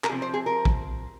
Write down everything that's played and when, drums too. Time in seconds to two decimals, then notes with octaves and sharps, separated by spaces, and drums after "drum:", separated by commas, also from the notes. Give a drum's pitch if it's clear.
0.04 A#4, drum: clap
0.10 C3 F3 C4 G#4
0.22 C5
0.34 G#4
0.46 A#4
0.65 drum: kick A#1